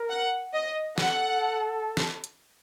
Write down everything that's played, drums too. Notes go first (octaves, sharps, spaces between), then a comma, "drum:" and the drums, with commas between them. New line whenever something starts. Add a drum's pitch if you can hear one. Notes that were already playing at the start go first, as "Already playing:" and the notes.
Already playing: A#4
F#5
D#5
A4 F#5, drum: snare
drum: snare
drum: hi-hat